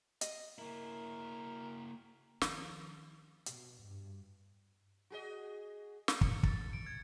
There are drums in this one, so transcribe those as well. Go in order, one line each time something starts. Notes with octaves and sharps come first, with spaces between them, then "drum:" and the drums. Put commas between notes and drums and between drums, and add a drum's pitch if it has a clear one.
D#5, drum: hi-hat
A#3 E4 A#4
D#3 F3, drum: snare
B2, drum: hi-hat
G2
F#4 G#4 D#5
drum: snare
C#7, drum: kick
A6, drum: kick
D7
G#6